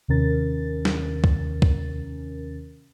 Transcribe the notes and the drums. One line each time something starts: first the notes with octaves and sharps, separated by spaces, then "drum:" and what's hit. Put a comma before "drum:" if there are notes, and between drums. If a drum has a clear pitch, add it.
D#2 C3 D#3 C#4 A#4 A6
drum: snare
drum: kick C#2
drum: kick C#2